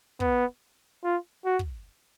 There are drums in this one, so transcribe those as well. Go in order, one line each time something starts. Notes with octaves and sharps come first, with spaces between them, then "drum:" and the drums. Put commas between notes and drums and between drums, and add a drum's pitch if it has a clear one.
B3, drum: kick
F4
F#4
drum: kick